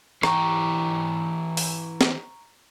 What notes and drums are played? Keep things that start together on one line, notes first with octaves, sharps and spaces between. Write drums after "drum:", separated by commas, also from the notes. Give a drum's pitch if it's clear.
E3 G4 A#5 C#6, drum: rim click
drum: open hi-hat
drum: snare